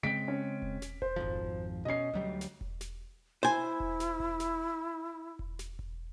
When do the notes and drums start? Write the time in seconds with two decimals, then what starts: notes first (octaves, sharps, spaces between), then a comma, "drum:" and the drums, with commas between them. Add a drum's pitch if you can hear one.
0.03 C#3 G#3 C4 B6 D7
0.28 C#4
0.62 drum: kick E1
0.82 drum: snare
1.02 C5, drum: kick E1
1.16 G#1 F2 F3
1.85 B2 C#4 D#5 C7
2.14 D2 F#3 G3
2.41 drum: snare
2.61 drum: kick E1
2.81 drum: snare
3.43 E4 C5 G#5
3.80 drum: kick E1
4.00 drum: snare
4.20 drum: kick E1
4.40 drum: snare
5.39 drum: kick E1
5.59 drum: snare
5.79 drum: kick E1